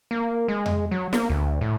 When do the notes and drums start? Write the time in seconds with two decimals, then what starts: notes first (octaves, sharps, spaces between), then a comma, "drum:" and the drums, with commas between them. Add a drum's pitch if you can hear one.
0.11 A#3
0.48 G#3
0.66 drum: tom F2
0.91 F#3
1.13 A#3, drum: snare
1.30 D2
1.61 A2